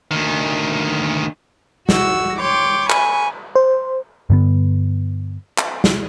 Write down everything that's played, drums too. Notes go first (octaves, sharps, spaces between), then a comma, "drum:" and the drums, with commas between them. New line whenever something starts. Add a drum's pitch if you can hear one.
D2 D#3
F#4 E6, drum: snare
C#5 G5 C6 D6
G#5 B5 C#6, drum: clap
C5
G2 D3 B3
drum: clap
drum: snare